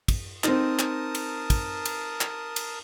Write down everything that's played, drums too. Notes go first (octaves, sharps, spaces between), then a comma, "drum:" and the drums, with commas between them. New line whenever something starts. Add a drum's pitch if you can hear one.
drum: kick, cymbal
C4 D#4 A#4 A5 D#6, drum: clap
drum: clap
drum: cymbal
drum: kick, cymbal
drum: cymbal
drum: clap
drum: cymbal